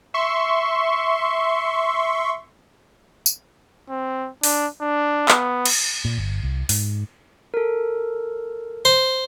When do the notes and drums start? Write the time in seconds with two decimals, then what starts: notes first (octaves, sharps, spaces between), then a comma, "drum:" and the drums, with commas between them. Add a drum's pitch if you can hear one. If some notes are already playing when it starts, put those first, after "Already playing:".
0.14 E5 C6 C#6
3.26 drum: tambourine
3.90 C4
4.43 D4, drum: open hi-hat
4.81 D4
5.28 B3, drum: clap
5.66 drum: cymbal
6.05 A#2
6.18 G1
6.43 C2
6.69 G#2, drum: open hi-hat
7.54 A4 A#4
8.85 C5